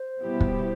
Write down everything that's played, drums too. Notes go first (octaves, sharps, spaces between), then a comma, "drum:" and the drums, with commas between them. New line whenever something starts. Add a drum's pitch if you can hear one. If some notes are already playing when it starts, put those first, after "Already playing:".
Already playing: C5
B2 G3 B3 E4 G4
drum: kick